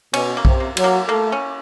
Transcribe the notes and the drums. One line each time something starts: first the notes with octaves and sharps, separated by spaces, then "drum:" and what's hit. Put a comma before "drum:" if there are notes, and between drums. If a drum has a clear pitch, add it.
B2 C#4, drum: cymbal
A#3
C3, drum: kick B1
A#3
F#3, drum: cymbal
A#3
A3 A#3
C#4